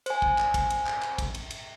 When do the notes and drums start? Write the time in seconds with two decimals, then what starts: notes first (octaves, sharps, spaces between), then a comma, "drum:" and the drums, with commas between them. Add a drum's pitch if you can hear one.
0.06 C5 G#5, drum: cymbal
0.22 drum: kick
0.38 drum: clap
0.54 drum: kick, cymbal
0.70 drum: cymbal
0.86 drum: clap
1.02 drum: clap
1.18 drum: kick, cymbal
1.35 drum: cymbal
1.51 drum: cymbal